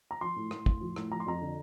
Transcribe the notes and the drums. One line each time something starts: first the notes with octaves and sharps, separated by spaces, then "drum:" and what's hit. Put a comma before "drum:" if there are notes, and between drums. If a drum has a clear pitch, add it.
A#5
F3 C6
A2
A2, drum: rim click
A2, drum: kick
F3
A2, drum: rim click
F3 A#5
C6
F2 A#5
D3